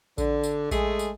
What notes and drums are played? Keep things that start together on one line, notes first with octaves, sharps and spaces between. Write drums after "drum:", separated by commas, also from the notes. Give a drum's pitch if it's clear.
D3, drum: kick A1, tambourine
drum: tambourine
G#3 A3 G#4, drum: kick A1, tambourine
drum: tambourine